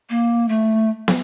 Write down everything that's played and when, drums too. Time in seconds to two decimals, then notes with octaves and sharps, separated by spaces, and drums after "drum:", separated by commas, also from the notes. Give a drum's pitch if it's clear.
0.10 A#3
0.49 A3
1.08 drum: snare